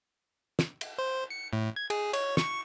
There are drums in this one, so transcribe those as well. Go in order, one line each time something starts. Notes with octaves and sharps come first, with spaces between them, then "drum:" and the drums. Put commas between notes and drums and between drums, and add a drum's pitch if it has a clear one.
drum: snare
drum: cymbal
C5
C#7
A2
G#6
G#4, drum: cymbal
C#5, drum: cymbal
C#6, drum: snare